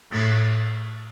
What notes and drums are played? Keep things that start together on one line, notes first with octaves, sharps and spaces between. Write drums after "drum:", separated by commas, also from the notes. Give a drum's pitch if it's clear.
A2, drum: cymbal